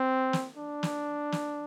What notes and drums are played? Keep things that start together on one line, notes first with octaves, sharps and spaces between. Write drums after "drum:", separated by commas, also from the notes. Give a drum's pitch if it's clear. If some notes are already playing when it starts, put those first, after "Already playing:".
Already playing: C4
drum: snare
D4
drum: snare
drum: snare